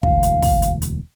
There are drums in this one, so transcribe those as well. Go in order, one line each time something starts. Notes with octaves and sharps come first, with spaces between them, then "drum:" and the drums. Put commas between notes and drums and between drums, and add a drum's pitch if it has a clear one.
E1 D2 F5, drum: kick
drum: hi-hat
drum: kick, open hi-hat
drum: hi-hat
drum: hi-hat